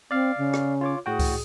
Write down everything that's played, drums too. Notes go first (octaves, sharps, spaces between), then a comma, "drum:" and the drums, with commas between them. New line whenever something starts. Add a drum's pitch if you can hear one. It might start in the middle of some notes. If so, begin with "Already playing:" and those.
C4 D5 F5
C#3
drum: rim click
F4 C#5 D6
A2 F#4 G#4 G5
drum: kick C#2, open hi-hat